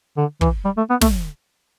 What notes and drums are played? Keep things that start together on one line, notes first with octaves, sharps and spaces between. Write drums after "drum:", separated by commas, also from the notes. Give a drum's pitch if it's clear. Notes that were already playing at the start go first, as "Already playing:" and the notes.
D3
E3, drum: kick
G3
A3
B3
A3, drum: snare